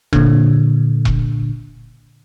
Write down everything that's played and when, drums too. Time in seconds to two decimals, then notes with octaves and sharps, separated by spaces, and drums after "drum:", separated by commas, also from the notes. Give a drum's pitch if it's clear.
0.13 A#2 D3, drum: kick E1
1.05 drum: kick E1